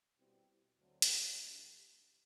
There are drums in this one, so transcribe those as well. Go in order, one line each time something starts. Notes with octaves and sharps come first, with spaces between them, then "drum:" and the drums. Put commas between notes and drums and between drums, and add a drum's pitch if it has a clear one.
B2 G3 C4 E4 G4
D2 D3 F#3 A3 C4
drum: hi-hat
E3 A3 D4 G4